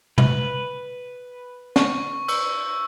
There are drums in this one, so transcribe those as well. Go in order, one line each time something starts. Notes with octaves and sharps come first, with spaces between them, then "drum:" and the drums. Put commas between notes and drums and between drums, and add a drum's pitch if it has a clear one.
B4, drum: tom
C#6, drum: snare
E6, drum: cymbal